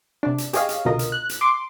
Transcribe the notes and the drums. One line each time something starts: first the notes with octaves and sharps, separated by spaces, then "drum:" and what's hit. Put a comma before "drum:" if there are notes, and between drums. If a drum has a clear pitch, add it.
C3 D4
drum: hi-hat
G4 G#4 C#5 D#5 F5, drum: hi-hat
drum: hi-hat
C2 B2 D3 F4 A#4 D#5
drum: hi-hat
F#6
drum: hi-hat
C6 D6